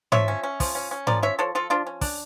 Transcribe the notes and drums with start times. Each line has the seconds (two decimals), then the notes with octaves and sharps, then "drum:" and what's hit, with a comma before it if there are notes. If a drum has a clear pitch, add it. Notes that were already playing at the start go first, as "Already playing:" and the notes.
0.12 F3 C#5 E5, drum: tom G#2
0.28 C#4
0.43 C#4
0.60 F3, drum: kick, open hi-hat
0.75 C#4
0.91 C#4
1.07 F3 A#4 D5, drum: tom G#2
1.23 C#4 C#5 E5
1.39 F3 A4 C#5
1.55 F3 F4 A4
1.70 F3 D4 F4
1.86 C#4
2.01 D4, drum: kick, open hi-hat